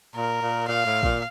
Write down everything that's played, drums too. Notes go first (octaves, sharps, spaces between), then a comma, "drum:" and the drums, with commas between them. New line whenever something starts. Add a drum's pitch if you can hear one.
A#2 A#4
A#2
A#2 F5
A2
A#2, drum: kick